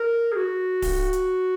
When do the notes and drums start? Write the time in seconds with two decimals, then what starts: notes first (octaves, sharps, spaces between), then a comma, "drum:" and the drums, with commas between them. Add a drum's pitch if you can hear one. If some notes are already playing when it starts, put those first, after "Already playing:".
Already playing: A#4
0.32 G#4
0.36 F#4
0.82 drum: kick D1, open hi-hat
1.13 drum: hi-hat